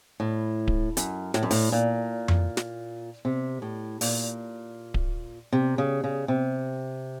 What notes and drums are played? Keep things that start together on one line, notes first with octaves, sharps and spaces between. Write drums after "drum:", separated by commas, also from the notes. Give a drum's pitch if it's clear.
A2
drum: kick D1
F#2, drum: hi-hat
A2, drum: snare
F#2
A2, drum: open hi-hat
A#2
drum: tom F2
drum: snare
C3
A2
A#2, drum: open hi-hat
drum: kick D1
C3
C#3
C#3
C3